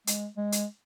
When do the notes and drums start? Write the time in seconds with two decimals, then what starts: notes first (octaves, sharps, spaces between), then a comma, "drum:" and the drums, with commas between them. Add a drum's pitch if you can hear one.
0.07 G#3, drum: hi-hat
0.37 G#3
0.52 drum: hi-hat